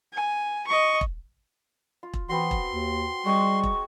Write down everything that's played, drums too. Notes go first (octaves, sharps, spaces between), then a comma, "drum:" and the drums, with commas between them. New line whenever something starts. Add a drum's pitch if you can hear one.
G#5
D#5 C#6
drum: kick E1
F4
drum: kick E1
E3 B3 C4 F#4 C6
drum: kick E1
D#2
G3 G#3 C4 G#4 C#6
drum: kick E1